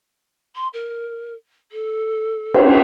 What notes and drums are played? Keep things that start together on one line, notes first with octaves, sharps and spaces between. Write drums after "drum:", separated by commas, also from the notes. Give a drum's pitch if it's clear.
C6
A#4
A4
drum: cymbal